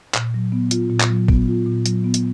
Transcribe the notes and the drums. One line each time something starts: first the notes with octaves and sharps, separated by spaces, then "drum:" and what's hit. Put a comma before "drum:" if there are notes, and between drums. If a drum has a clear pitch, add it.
A#2, drum: clap
F#3
B3
F4, drum: hi-hat
A#2
drum: clap
F#3
B3, drum: kick
F4
A#2
F#3, drum: hi-hat
B3
drum: hi-hat